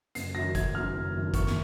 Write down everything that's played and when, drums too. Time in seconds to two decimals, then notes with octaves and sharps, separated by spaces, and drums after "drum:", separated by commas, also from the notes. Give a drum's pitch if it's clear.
0.15 F#1 C7, drum: hi-hat
0.35 F#2 D#3 A#6
0.55 F#1 G#6, drum: kick F#1, hi-hat
0.75 F#2 D#3 F6
0.94 F#1
1.14 F#2 D#3
1.34 F#1 C#6, drum: kick F#1, hi-hat
1.47 drum: snare